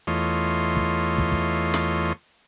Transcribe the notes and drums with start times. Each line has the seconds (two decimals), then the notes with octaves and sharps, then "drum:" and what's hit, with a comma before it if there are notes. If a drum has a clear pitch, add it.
0.07 E2 A3 F4 C#5 D#5 C6
0.77 drum: kick
1.18 drum: kick
1.32 drum: kick
1.74 drum: snare